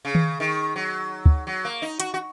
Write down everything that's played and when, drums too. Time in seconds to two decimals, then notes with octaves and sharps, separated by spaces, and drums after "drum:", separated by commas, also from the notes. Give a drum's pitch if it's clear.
0.05 C#3
0.15 drum: tom D#3
0.40 D#3
0.76 F#3
1.26 drum: kick
1.47 F#3
1.65 A#3
1.82 D#4
2.00 F#4, drum: hi-hat
2.14 F#4